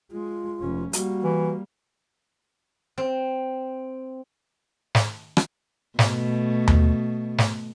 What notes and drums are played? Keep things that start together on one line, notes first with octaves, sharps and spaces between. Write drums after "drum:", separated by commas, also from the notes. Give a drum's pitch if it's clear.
G#3 F4
F1 C#4
G3 A#3 F#4, drum: hi-hat
E3
C4
drum: snare
drum: rim click
B2 A3, drum: snare
drum: tom D#2
drum: snare